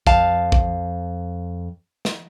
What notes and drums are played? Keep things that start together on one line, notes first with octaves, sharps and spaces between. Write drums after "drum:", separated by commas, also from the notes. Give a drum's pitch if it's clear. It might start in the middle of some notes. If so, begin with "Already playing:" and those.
F2 F5 A5, drum: kick A#1
drum: kick A#1
drum: snare